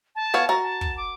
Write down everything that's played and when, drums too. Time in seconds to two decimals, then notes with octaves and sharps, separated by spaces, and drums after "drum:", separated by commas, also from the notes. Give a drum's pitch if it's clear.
0.16 A5
0.34 B3 C#5 F5
0.49 F#4 A#4 A6
0.63 A5
0.81 drum: kick
0.97 D6